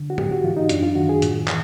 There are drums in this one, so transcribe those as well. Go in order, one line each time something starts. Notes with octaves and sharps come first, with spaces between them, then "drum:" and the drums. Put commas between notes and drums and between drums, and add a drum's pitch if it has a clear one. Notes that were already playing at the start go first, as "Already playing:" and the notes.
Already playing: D3
F#4
G#2 G4, drum: tom
F#4
E3 F4
D#4
F#2 D4, drum: hi-hat
F4
D#3 F#4
G#4
A2, drum: hi-hat
E3, drum: clap